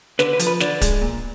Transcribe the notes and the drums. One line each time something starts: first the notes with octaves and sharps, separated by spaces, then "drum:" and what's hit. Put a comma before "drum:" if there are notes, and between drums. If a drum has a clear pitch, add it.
D3 B4, drum: snare
B4
F3, drum: hi-hat
B4
D3 D5, drum: snare
G#3, drum: kick D1, hi-hat
A#2